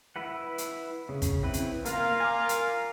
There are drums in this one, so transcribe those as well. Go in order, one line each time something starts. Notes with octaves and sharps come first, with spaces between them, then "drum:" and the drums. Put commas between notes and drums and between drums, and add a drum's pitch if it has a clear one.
E4 B4 F#5
drum: hi-hat
C#3
drum: kick, hi-hat
C4 E4 B4
drum: hi-hat
A#3 F4 A#4 F5, drum: hi-hat
G#5 D6
drum: hi-hat